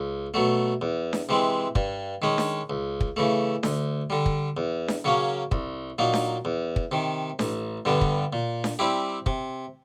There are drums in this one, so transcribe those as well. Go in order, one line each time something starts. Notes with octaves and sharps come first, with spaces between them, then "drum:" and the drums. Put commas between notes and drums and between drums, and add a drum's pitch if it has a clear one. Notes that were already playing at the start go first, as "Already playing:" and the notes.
Already playing: C#2
B2 F#3 A3
E2
drum: snare D4
C3 E3 G#3 C4
G2, drum: kick
D#3 G#3 C#4
drum: snare D4
C#2
drum: kick
C#3 E3 A3
D2, drum: snare D4
D3 G3
drum: kick
E2
drum: snare D4
C#3 F#3 A#3 C#4
C2, drum: kick
A#2 F#3 A#3 D#4
drum: snare D4
E2
drum: kick
C3 D#3
A1, drum: snare D4
G2 D3 G3 B3
drum: kick
A#2
drum: snare D4
G3 C4 E4 G4
C3, drum: kick